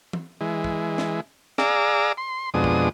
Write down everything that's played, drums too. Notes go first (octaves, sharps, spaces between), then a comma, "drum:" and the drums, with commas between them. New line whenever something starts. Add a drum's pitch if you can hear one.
drum: tom
E3 G#3
drum: kick
drum: snare
G#4 D5 F5 A#5 D6 E6, drum: snare
C6
F2 B2 G#3 D4 D#6
drum: kick